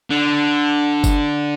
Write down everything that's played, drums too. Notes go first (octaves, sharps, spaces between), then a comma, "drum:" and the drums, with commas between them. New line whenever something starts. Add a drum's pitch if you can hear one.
D3
drum: kick G1, tambourine